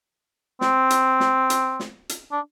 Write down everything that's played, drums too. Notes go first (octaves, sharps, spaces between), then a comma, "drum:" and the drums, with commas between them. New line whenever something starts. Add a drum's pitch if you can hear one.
C4, drum: snare
drum: hi-hat
drum: snare
drum: hi-hat
drum: snare
drum: hi-hat
D4